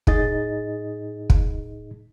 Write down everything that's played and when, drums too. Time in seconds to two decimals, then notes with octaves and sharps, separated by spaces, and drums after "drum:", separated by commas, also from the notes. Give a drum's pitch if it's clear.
0.07 A2 D#4 G#4 D#5 A6, drum: kick
1.30 drum: kick